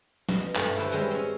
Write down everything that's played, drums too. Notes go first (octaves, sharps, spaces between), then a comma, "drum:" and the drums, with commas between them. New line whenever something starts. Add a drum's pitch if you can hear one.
B2, drum: snare
G2 A3 G4 F5, drum: clap
E4 G4 B4 C5
G3 G#3 C4 C#4 B4
C4 C#4